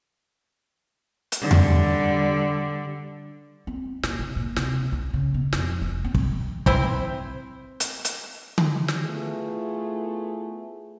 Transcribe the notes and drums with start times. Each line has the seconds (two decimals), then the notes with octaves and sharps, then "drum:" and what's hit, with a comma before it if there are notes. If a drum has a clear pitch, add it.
1.32 drum: hi-hat
1.41 D3 G3
1.51 drum: tom E2
3.67 C4
4.03 A#2, drum: snare
4.19 C2
4.36 A#2
4.56 C3, drum: snare
4.92 C2
5.14 C#3
5.34 B2
5.53 F2, drum: snare
5.81 F1
6.04 C4
6.14 drum: kick
6.66 C4 E4 B4 C5, drum: kick
7.80 drum: hi-hat
8.05 drum: hi-hat
8.58 drum: tom D3
8.88 drum: snare
9.05 A3 B3 E4 F4 G#4